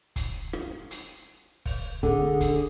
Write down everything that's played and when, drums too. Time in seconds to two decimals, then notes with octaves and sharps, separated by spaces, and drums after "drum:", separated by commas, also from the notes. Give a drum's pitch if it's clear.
0.16 drum: kick, hi-hat
0.53 drum: rim click
0.91 drum: hi-hat
1.66 drum: kick, open hi-hat
2.03 D3 G#4, drum: kick
2.40 drum: kick, hi-hat